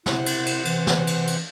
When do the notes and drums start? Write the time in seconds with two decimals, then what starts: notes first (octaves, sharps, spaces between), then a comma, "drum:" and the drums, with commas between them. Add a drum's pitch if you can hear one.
0.06 C3 E4 C5 F#5, drum: snare
0.26 drum: cymbal
0.46 drum: cymbal
0.65 E3, drum: cymbal
0.87 drum: snare
1.07 drum: cymbal
1.27 drum: cymbal